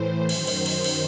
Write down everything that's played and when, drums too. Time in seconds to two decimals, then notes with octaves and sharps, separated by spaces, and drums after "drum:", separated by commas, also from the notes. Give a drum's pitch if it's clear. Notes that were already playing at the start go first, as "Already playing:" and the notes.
Already playing: A2 E3 C5
0.29 F#2 D#3, drum: cymbal
0.47 drum: cymbal
0.66 drum: cymbal
0.84 drum: cymbal